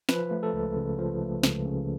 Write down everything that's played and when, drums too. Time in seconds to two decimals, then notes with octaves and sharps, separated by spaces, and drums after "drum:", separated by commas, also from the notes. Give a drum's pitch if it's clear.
0.09 F3 B4, drum: snare
0.31 A3
0.43 A4
0.53 C#2
0.76 C#3
0.98 F3
1.21 A3
1.43 C#2, drum: snare
1.66 C#3